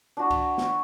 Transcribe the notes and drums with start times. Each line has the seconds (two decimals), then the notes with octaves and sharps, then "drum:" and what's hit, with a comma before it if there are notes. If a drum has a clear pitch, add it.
0.17 D4 F#4
0.30 drum: kick C2, cymbal
0.58 drum: snare